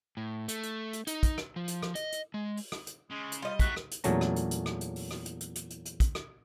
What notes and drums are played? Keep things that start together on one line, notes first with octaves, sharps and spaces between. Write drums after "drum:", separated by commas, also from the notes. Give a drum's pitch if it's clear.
A2
A3, drum: hi-hat
drum: hi-hat
drum: hi-hat
D#4, drum: hi-hat
drum: kick, hi-hat
drum: rim click
F3
drum: hi-hat
drum: rim click
D#5, drum: hi-hat
drum: hi-hat
G#3
drum: open hi-hat
drum: rim click
drum: hi-hat
C#3 G#3
drum: hi-hat
G3 F4 D#5
A3 D#4 F#4 F#6 B6, drum: kick, hi-hat
drum: rim click
drum: hi-hat
E2 A#2 F#3 A3 C#4 A#5, drum: hi-hat
drum: rim click
drum: hi-hat
drum: hi-hat
drum: rim click
drum: hi-hat
drum: open hi-hat
drum: rim click
drum: hi-hat
drum: hi-hat
drum: hi-hat
drum: hi-hat
drum: hi-hat
drum: kick, hi-hat
drum: rim click